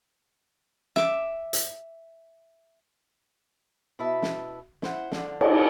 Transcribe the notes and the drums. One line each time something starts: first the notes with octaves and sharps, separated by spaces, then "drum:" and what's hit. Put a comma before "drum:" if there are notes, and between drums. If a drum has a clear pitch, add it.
E5 D6, drum: snare
drum: hi-hat
B2 E4 B4 E5 A5
drum: snare
E4 C5 F#5, drum: snare
D3 F3 D4, drum: snare
drum: cymbal